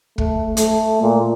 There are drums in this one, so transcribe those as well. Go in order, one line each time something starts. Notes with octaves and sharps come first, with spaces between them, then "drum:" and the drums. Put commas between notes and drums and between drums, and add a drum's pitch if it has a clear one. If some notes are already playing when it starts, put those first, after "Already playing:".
A3, drum: kick
A3, drum: hi-hat
A#2